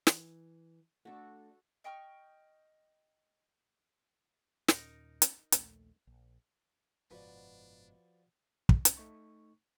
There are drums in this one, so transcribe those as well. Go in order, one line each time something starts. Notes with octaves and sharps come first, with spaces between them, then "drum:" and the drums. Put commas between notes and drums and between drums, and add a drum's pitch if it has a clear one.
E3, drum: snare
A3 D4 F#4 A4
D#5 G5 C#6 F6
D#2 A#2 C#4 D#4 A#4, drum: snare
drum: hi-hat
A#1 D#2 A3, drum: hi-hat
A#1
F#1 G#2 B2 F3 D4 F#4 B4 D5
drum: kick
drum: hi-hat
A3 D#4 C#6